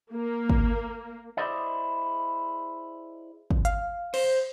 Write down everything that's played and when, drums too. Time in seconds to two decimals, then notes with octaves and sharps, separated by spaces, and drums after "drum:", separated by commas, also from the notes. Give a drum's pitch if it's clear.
0.11 A#3
0.50 drum: kick
1.37 E4 G4 G#4 C5 D5 D#5
3.50 drum: kick
3.65 F5, drum: hi-hat
4.14 C5, drum: cymbal